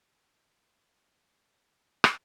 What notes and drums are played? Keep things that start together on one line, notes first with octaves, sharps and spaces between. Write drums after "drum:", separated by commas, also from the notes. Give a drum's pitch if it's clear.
G3 E6
E5
G3 E5
E5
A2 G5
A2
drum: rim click